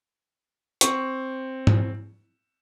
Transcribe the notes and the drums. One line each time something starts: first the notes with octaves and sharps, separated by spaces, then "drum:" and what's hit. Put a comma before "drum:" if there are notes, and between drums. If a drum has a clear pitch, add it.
C4 C#6, drum: hi-hat
drum: tom G#2